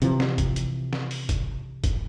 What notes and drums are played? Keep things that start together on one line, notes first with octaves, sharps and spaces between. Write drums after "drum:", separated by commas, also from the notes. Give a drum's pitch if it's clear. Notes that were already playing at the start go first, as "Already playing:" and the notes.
C3 E3 F3, drum: hi-hat
drum: snare
drum: kick, hi-hat
drum: hi-hat
drum: snare
drum: open hi-hat
drum: kick, hi-hat
drum: kick, hi-hat